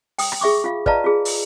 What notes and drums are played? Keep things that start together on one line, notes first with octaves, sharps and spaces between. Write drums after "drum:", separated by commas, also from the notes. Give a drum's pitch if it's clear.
G5 D#6, drum: open hi-hat
drum: rim click
G#4 E5 C#6 D6
F4 F5
B4 D5 D#5 F5 A5 A#5, drum: kick
F4 G#4
drum: open hi-hat